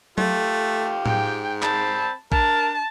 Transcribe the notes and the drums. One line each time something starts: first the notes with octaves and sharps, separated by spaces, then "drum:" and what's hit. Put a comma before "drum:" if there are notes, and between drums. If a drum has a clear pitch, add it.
A3 F4 G4, drum: tom F#3
G#2 G5, drum: tom A2
C4 A5 B5, drum: clap
D4 A#4 A5, drum: kick A#1